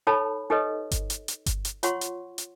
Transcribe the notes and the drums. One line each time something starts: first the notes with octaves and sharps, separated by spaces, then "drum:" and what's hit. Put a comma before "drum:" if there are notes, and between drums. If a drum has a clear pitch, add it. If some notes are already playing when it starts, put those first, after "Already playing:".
D#4 A4 C#5 A5 B5
D#4 G4 A4 B4 C#5 D#5
drum: kick G1, hi-hat
drum: hi-hat
drum: hi-hat
drum: kick G1, hi-hat
drum: hi-hat
F4 C#5 F#5 C6 C#6, drum: hi-hat
drum: hi-hat
drum: hi-hat